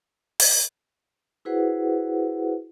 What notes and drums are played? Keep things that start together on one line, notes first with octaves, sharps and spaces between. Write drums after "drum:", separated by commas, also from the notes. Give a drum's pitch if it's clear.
drum: open hi-hat
E4 F#4 G#4 B4 C5 F#5